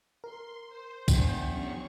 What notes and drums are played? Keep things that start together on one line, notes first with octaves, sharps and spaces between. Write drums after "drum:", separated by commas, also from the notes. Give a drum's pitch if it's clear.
A#4 C6
C5
E2 D4 G5, drum: kick, tambourine
F#3 C#4 C#6